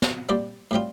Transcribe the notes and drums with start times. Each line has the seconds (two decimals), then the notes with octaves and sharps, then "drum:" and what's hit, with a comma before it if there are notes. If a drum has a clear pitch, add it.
0.02 drum: snare
0.29 A#2 G3 C4 G4 D5
0.71 A2 G3 C4 F4